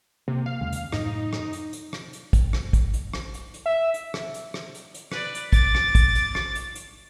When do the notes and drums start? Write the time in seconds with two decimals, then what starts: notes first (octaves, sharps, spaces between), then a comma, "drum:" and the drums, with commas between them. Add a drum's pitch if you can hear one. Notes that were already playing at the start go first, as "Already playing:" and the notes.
0.28 C3 A#3
0.46 F5
0.61 D#2 C#3 G#3
0.72 drum: hi-hat
0.92 F#2 A2 D#4, drum: rim click
1.33 drum: rim click
1.53 drum: hi-hat
1.73 drum: hi-hat
1.93 drum: rim click
2.13 drum: hi-hat
2.33 drum: kick, hi-hat
2.53 drum: rim click
2.73 drum: kick, hi-hat
2.93 drum: hi-hat
3.14 drum: rim click
3.34 drum: hi-hat
3.54 drum: hi-hat
3.66 E5
3.94 drum: hi-hat
4.14 drum: rim click
4.34 drum: hi-hat
4.54 drum: rim click
4.74 drum: hi-hat
4.94 drum: hi-hat
5.12 B4 D5, drum: rim click
5.35 drum: hi-hat
5.53 D6 A6, drum: kick, hi-hat
5.75 drum: rim click
5.95 drum: kick, hi-hat
6.15 drum: hi-hat
6.35 drum: rim click
6.55 drum: hi-hat
6.75 drum: hi-hat